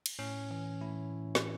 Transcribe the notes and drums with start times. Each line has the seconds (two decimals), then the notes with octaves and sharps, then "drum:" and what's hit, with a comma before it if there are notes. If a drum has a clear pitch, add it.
0.06 drum: cymbal
0.19 A2 C#4
0.51 E3 C#4
0.81 A2 E4
1.35 drum: snare